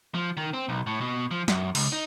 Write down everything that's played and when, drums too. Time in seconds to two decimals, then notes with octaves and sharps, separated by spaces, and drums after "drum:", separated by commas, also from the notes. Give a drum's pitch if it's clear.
0.15 F3
0.37 D#3
0.54 C4
0.69 B1
0.87 A2
1.01 B2
1.31 F3
1.48 F#2, drum: snare
1.75 C#2, drum: cymbal
1.92 D#4